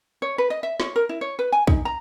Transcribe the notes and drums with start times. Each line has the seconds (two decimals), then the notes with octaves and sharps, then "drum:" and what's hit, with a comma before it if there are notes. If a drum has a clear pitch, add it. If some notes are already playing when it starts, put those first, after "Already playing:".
0.22 C#5
0.38 B4
0.50 D#5
0.63 E5
0.80 C#5, drum: snare
0.96 A#4
1.09 E4
1.21 C#5
1.39 B4
1.52 G#5
1.67 D#4, drum: kick
1.85 A#5